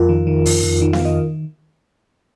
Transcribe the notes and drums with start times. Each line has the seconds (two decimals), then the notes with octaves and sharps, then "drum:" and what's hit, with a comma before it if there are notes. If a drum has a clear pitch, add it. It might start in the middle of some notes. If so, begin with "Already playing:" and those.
Already playing: F2 F4 A#4
0.09 D#3
0.27 D#3
0.46 F2, drum: open hi-hat
0.64 F2
0.81 D#3
0.93 F5, drum: snare B3
1.00 D#3
1.05 D#5